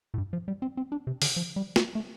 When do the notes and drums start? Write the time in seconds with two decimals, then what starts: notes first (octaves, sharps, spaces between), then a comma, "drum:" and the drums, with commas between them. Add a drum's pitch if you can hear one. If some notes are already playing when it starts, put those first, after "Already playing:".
0.14 A2
0.18 G2
0.33 F3
0.48 G3
0.62 C4
0.77 C4
0.92 D4
1.07 C3
1.22 D3, drum: open hi-hat
1.36 F3
1.56 G3
1.76 A3, drum: snare
1.95 A3